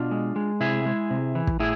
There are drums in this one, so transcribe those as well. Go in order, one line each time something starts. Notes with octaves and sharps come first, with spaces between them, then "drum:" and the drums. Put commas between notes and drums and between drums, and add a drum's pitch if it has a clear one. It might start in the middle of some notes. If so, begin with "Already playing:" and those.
Already playing: B2 D4 F4
G#3
G#3
C3 E4 G#4
G#3
C3
E3
drum: kick
A2 E4 G#4